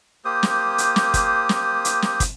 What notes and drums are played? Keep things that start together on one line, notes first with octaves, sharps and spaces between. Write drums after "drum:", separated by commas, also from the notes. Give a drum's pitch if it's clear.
A#3 G4 C5 D#6
drum: snare
drum: hi-hat
drum: snare
drum: kick, hi-hat
drum: snare
drum: hi-hat
drum: snare
drum: kick, hi-hat